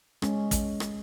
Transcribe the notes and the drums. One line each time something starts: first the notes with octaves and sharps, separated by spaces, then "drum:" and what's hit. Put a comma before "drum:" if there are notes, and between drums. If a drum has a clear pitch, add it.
G#3 C#4, drum: rim click
drum: kick, hi-hat
drum: rim click